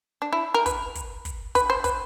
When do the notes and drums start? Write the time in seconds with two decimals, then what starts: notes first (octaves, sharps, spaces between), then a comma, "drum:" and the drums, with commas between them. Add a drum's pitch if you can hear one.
0.22 D4
0.33 E4
0.54 A#4
0.66 B4, drum: kick, hi-hat
0.95 drum: kick, hi-hat
1.25 drum: kick, hi-hat
1.55 B4, drum: kick, hi-hat
1.70 C5
1.84 B4, drum: kick, hi-hat